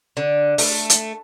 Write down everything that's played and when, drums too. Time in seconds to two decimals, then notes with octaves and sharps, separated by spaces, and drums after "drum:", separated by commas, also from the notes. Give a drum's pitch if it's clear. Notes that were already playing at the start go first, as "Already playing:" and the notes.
0.17 D3
0.58 A3, drum: open hi-hat
0.90 drum: hi-hat